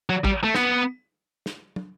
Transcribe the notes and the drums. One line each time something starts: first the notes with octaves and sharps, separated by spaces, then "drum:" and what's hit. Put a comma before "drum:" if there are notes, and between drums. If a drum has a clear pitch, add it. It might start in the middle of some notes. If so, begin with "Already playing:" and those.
F#3
G3, drum: kick A1
A3
B3, drum: snare
drum: snare
drum: tom